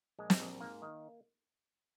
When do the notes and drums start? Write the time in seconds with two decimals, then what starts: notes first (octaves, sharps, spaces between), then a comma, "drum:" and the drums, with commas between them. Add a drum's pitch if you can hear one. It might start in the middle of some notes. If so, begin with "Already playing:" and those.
0.19 A#1 G#3
0.30 drum: snare
0.40 A#1
0.60 G#2 A#3
0.82 D#3